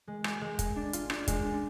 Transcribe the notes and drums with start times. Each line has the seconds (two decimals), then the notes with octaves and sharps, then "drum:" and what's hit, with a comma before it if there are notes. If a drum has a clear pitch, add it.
0.08 G#3
0.24 G#3, drum: rim click
0.41 G#3
0.59 G#3, drum: kick, hi-hat
0.76 D4
0.93 F4, drum: hi-hat
1.10 D4, drum: rim click
1.28 G#3, drum: kick, hi-hat
1.45 D4